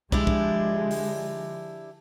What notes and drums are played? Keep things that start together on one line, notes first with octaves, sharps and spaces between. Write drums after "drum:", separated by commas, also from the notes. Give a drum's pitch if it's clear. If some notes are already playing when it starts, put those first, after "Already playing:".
D3 F3 G#3 D4 E4 G4, drum: kick
drum: kick
drum: open hi-hat